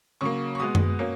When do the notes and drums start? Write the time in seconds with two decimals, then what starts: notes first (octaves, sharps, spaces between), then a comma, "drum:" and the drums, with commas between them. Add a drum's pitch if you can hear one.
0.21 C#3 F#3 A#3 C#6
0.55 C#6
0.59 B2 G#3 B3 D#6
0.75 drum: tom F#2
0.99 B2 A#3 C#4